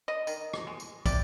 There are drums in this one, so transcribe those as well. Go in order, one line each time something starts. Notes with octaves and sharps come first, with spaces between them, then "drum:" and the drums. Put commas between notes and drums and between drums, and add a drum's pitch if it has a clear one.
D#5
D#3, drum: tambourine
drum: rim click
G#3
drum: tambourine
C3 D5, drum: kick, tambourine